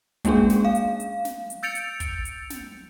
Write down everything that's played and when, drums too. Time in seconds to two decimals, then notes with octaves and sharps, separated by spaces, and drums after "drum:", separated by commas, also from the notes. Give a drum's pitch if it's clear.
0.25 G#3 A#3 C#4 D4 G#4, drum: kick, hi-hat
0.50 drum: snare
0.65 F5
0.75 drum: hi-hat
1.00 drum: hi-hat
1.25 drum: snare
1.50 drum: hi-hat
1.63 E6 G6 A6 C#7 D7 F7
1.75 drum: hi-hat
2.00 drum: kick, hi-hat
2.25 drum: hi-hat
2.50 drum: snare